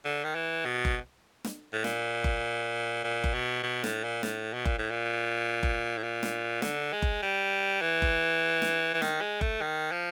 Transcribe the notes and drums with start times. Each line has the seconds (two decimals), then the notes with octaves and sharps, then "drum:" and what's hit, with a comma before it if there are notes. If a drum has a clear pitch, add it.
0.05 D3
0.24 D#3
0.35 E3
0.65 B2
0.85 drum: kick F#1
1.44 drum: snare
1.73 A2
1.84 A#2, drum: snare
2.24 drum: kick F#1
3.04 A#2
3.24 drum: kick F#1
3.34 B2
3.63 B2
3.84 A2, drum: snare
4.04 A#2
4.23 A2, drum: snare
4.53 B2
4.65 A#2, drum: kick F#1
4.78 A2
4.91 A#2
5.63 drum: kick F#1
5.98 A2
6.03 A#2
6.23 drum: snare
6.62 D3, drum: snare
6.92 G#3
7.02 drum: kick F#1
7.22 G3
7.82 E3
8.02 drum: kick F#1
8.62 drum: snare
8.94 E3
9.02 D#3, drum: snare
9.21 G#3
9.41 A3, drum: kick F#1
9.61 D#3
9.92 F3